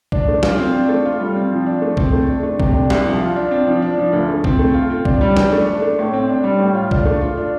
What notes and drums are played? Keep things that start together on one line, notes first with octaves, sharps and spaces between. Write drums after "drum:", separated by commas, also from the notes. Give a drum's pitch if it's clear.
D4, drum: kick C2
A3
F4, drum: snare
C4
D4
A3
F4
G3
C4
F3
D4
A3
C4, drum: kick C2
A3
D4
A3
C3, drum: kick C2
D4
C2, drum: snare
F3
F4
D4
C4
F3
D4
F3
D2
A3
C4, drum: kick C2
A3
F4
C4
D4, drum: kick C2
G3
D4, drum: snare
A3
D4
A3
A2
C4
D4
G3
A2
F4
D4, drum: kick C2
A3
F4
D4